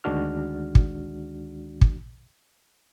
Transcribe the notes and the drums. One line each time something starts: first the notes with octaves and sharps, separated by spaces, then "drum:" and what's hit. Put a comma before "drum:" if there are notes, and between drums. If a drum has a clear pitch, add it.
D2 D#3 G#3 D4 F#4 F6
drum: kick
drum: kick